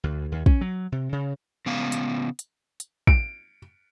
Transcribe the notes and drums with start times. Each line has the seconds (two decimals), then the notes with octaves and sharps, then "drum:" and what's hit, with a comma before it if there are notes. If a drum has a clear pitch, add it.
0.04 D2
0.32 D#2
0.46 C#4, drum: kick
0.61 F#3
0.92 C3
1.12 C#3
1.66 C#3 B3 F5
1.92 drum: hi-hat
2.39 drum: hi-hat
2.80 drum: hi-hat
3.07 D7, drum: kick